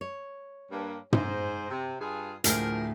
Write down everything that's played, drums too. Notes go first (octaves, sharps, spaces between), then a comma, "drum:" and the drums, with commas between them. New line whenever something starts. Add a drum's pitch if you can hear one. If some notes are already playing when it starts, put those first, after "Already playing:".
C#5
G2 A#3
G#2 C5, drum: tom
C3
G2 F4 G#4
D2 A2 F3 G#4 A#4, drum: hi-hat